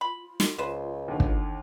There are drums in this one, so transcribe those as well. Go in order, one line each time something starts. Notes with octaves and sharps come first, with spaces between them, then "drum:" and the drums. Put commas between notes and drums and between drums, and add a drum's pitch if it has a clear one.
F4 B5
drum: snare
C#2 B4 C5
D#2 D3
drum: kick